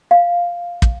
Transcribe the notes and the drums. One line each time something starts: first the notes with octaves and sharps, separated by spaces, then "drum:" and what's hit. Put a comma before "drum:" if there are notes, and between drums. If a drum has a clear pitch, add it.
F5
drum: kick